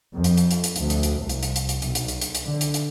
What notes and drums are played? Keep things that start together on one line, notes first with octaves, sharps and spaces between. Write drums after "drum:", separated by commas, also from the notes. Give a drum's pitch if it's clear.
F2
drum: hi-hat
drum: hi-hat
drum: hi-hat
drum: hi-hat
D2, drum: hi-hat
drum: hi-hat
drum: hi-hat
C2
drum: hi-hat
drum: hi-hat
drum: hi-hat
drum: hi-hat
B1, drum: hi-hat
drum: hi-hat
drum: hi-hat
drum: hi-hat
drum: hi-hat
D3
drum: hi-hat
drum: hi-hat